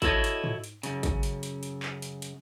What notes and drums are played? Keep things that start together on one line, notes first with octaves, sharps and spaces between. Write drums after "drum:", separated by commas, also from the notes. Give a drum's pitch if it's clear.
E4 F#4 A4 A#4 C#5 D#5, drum: kick, hi-hat
drum: hi-hat
drum: tom G#2
drum: hi-hat
F#2 C#3, drum: hi-hat
drum: kick, hi-hat
drum: hi-hat
drum: hi-hat
drum: hi-hat
drum: clap
drum: hi-hat
drum: hi-hat